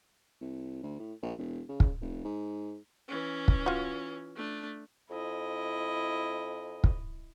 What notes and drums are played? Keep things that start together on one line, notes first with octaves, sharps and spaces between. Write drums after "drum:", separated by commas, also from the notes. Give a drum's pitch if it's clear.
C2
D2
A2
A#1
E1
C#3
drum: kick
F1
G#2
E3 C#4
drum: kick
F4 F#4
A3 D4
F2 E4 D#5
drum: kick